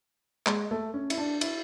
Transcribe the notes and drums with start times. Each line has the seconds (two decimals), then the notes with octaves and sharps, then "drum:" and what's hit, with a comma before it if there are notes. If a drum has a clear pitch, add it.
0.46 G#3, drum: clap
0.71 A3
0.94 C#4
1.10 E4, drum: cymbal
1.17 D4
1.41 E4, drum: cymbal